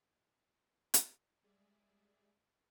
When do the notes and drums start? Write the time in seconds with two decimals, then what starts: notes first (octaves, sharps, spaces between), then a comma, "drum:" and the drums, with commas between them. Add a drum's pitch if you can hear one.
0.94 drum: hi-hat
1.43 G3 G#3 G#4 D5 E5